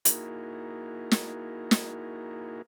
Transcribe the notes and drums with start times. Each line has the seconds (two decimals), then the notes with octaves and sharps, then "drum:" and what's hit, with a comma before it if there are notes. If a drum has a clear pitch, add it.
0.05 A#3 D#4 E4 F#4 G#4 A#4, drum: hi-hat
1.11 drum: snare
1.71 drum: snare